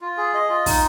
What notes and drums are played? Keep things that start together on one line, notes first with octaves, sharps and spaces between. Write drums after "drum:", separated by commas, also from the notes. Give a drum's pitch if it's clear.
F4
G#4
D#5
F4
D#4, drum: kick, open hi-hat